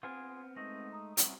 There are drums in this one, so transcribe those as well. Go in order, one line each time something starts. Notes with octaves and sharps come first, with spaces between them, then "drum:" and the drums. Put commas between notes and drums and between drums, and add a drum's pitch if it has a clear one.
B3 C4 F4 G#4 G#5 F6
G#3 A3 D#4 A#6
A#5 D#6
C3 G3 C4 C#4 E4 F#4, drum: hi-hat